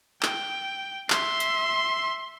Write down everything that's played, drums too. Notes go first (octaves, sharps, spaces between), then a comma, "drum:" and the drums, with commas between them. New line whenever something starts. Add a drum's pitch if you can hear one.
G5, drum: clap
E5 C6, drum: clap
drum: hi-hat